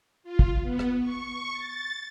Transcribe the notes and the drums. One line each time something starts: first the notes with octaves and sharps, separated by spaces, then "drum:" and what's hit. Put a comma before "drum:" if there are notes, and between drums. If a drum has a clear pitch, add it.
F4
drum: kick
B3
drum: rim click
C#6
A6